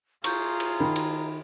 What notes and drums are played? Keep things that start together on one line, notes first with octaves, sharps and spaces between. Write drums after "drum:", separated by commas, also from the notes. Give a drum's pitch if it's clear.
F4 G#4 A#5 C#6 G6, drum: cymbal
drum: cymbal
D#3 B5
drum: cymbal